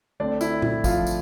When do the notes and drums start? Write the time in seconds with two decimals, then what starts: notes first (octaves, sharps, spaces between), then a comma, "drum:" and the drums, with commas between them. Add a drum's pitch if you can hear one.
0.20 D3 A3 C4 D4 D5
0.41 E4, drum: tambourine
0.62 E4, drum: tom
0.84 F3 F4, drum: kick, tambourine
1.07 drum: tambourine